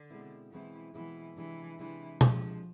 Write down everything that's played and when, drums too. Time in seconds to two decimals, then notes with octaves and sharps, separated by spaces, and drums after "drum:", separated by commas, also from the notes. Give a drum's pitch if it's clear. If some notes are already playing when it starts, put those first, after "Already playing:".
Already playing: D3
0.10 B2 G#3 C4 E4
0.52 B2 E3 G#3 C4 E4
0.94 B2 E3 G#3 C4 E4
1.37 C3 E3 G#3 D4
1.79 C3 E3 G#3 D4
2.21 C3 F3 G#3 D4, drum: tom